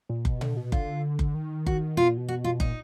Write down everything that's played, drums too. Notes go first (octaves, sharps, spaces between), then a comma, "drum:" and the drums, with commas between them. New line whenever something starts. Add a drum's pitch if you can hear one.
A#2
B2, drum: kick F#1
D3, drum: tom A#2
B2
D3 F4, drum: kick F#1
drum: kick F#1
D#3
F#4, drum: kick F#1
B2 F4
A#2
B2
F#4
F4
A#2 D#4, drum: kick F#1